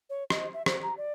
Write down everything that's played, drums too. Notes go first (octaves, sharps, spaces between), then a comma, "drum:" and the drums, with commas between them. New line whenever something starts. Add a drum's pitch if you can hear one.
C#5
D#5, drum: rim click
E5
C5, drum: rim click
A#5
D5